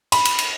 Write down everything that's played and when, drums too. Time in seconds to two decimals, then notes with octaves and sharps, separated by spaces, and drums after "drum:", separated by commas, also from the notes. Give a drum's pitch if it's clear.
0.12 B5, drum: cymbal
0.25 drum: cymbal
0.39 drum: cymbal